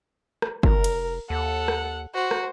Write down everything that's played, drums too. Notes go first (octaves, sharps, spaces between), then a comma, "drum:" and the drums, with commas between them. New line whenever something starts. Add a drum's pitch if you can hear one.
drum: rim click
F1 A#4, drum: kick
drum: cymbal
D#2 A4 F#5
drum: rim click
F#4 C5
drum: rim click